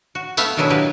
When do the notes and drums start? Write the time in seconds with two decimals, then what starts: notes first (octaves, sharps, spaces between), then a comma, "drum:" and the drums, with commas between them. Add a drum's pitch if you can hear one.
0.15 F#4
0.37 A3 B3 E5 F5, drum: tambourine
0.57 B2 D#3 F#3 D4 E4 G#4
0.70 A#3 B3 G4 B4